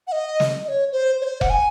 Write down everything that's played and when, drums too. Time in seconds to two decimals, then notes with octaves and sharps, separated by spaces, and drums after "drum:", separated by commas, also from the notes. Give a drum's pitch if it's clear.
0.07 F#5
0.12 D#5
0.40 drum: snare
0.65 D#5
0.68 C#5
0.92 C5
1.21 C#5
1.24 C5
1.41 F#5, drum: kick F1
1.50 G#5